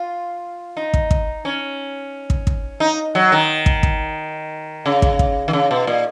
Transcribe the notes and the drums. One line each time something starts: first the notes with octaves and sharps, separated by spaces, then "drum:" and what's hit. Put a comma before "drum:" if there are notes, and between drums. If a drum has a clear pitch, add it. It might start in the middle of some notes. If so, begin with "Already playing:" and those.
Already playing: F4
D#4
drum: kick
drum: kick
C#4
drum: kick
drum: kick
D#4
F#3
D#3
drum: kick
drum: kick
C#3
drum: kick
drum: kick
D#3
C#3
B2
A#2